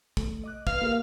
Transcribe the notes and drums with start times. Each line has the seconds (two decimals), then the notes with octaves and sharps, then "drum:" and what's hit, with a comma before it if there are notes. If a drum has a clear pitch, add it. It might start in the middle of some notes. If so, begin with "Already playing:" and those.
0.17 A3, drum: kick
0.44 D#5 D6 F#6
0.67 B4 F5, drum: kick
0.81 A#3 G4 A#4